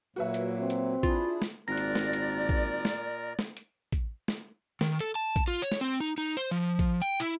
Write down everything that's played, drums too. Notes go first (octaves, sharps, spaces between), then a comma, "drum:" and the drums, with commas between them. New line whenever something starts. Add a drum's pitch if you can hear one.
A#2 F#3 A#3 F#4 B4 E5
drum: hi-hat
C4
drum: hi-hat
D4 E4 F4 G#4, drum: kick, hi-hat
drum: snare
G#1 A#2 A#4 D5 A#5 F#6 A#6
drum: hi-hat
drum: snare
drum: hi-hat
drum: kick
drum: snare
drum: snare
drum: hi-hat
drum: kick, hi-hat
drum: snare
D#3, drum: snare
A4, drum: hi-hat
A5
drum: kick, hi-hat
F4
C#5
drum: snare
C4
D#4
D#4
C5
F3
drum: kick, hi-hat
G5
E4